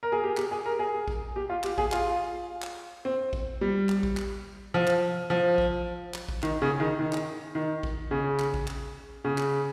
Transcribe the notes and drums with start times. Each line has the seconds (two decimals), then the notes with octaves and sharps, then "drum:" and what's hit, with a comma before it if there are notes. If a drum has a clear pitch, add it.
0.03 A#4
0.12 G#4
0.24 G4
0.37 G4, drum: clap
0.51 G#4
0.66 A#4
0.79 G#4
1.08 drum: kick A1
1.36 G4
1.50 F4
1.64 G4, drum: clap
1.78 G#4, drum: kick A1
1.92 F4, drum: clap
2.62 drum: clap
3.05 C4
3.33 drum: kick A1
3.61 G3
3.89 drum: clap
4.03 drum: kick A1
4.17 drum: clap
4.74 F3
4.88 drum: clap
5.30 F3
5.58 drum: kick A1
6.14 drum: clap
6.28 drum: kick A1
6.43 D#3, drum: clap
6.62 C#3
6.80 D#3
6.99 D#3
7.13 drum: clap
7.55 D#3
7.83 drum: kick A1
8.11 C#3
8.40 drum: clap
8.54 drum: kick A1
8.68 drum: clap
9.25 C#3
9.38 drum: clap